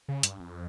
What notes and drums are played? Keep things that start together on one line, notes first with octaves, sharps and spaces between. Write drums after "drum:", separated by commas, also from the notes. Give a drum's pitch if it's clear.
C#3
G2, drum: hi-hat
F2